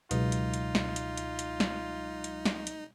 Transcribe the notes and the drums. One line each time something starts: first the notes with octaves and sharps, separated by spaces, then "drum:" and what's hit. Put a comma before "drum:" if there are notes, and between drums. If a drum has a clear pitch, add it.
C#2 B2 F#3 G#3 D#4 F4, drum: hi-hat
drum: hi-hat
drum: hi-hat
drum: snare
drum: hi-hat
drum: hi-hat
drum: hi-hat
drum: snare
drum: hi-hat
drum: snare
drum: hi-hat